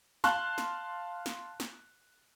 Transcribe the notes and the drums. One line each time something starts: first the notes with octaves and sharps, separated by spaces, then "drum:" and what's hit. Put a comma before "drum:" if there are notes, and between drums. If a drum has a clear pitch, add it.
F5 A5 C6 F#6, drum: snare
drum: snare
drum: snare
drum: snare